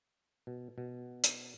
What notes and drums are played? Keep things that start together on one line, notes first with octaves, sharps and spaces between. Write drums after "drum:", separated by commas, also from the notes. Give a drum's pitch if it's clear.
B2
B2
drum: hi-hat